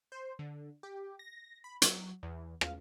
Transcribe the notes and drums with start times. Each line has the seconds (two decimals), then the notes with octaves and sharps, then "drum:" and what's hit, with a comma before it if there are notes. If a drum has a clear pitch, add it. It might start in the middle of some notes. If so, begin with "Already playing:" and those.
0.12 C5
0.39 D3
0.83 G4
1.19 A#6
1.64 B5
1.82 F#3, drum: hi-hat
2.23 E2
2.61 F5, drum: rim click